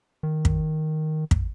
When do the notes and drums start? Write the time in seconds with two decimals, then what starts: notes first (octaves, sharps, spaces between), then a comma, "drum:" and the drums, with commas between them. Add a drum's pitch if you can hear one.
0.23 D#3
0.45 drum: kick
1.31 drum: kick